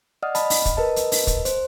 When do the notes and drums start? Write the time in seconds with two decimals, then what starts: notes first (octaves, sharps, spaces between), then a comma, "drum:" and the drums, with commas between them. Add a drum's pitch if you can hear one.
0.23 D5 D#5 F#5 D#6 F6
0.35 D#5 A5 B5, drum: hi-hat
0.50 drum: open hi-hat
0.65 drum: kick, hi-hat
0.77 A#4 B4 D#5 A5
0.96 drum: hi-hat
1.12 drum: open hi-hat
1.27 drum: kick, hi-hat
1.45 C5, drum: hi-hat